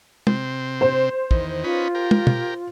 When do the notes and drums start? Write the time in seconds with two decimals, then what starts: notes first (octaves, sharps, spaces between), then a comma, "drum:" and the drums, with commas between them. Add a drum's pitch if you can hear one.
0.27 C3 C4, drum: tom
0.81 C5
1.31 E2 D#3, drum: kick
1.64 C#4 D#4 F4 B4
1.95 G4 A#4
2.11 drum: tom
2.27 drum: tom